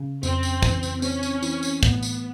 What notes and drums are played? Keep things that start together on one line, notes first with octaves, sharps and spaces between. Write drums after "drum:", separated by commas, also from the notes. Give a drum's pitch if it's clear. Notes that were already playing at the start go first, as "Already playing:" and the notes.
Already playing: C#3
F2 C4, drum: tambourine
drum: tambourine
E3, drum: kick, tambourine
drum: tambourine
C4 C#4, drum: tambourine
drum: tambourine
E3, drum: tambourine
drum: tambourine
A2 B3, drum: kick, tambourine
drum: tambourine